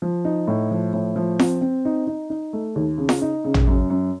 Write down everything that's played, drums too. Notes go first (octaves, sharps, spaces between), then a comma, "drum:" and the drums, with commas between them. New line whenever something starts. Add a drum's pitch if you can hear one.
F3
D#4
A2
F3
A2
F3
C4, drum: snare
C4
D#4
D#4
D#4
A3
D#2
C#3
drum: snare
D#4
C#3
drum: tom
F#2
F#2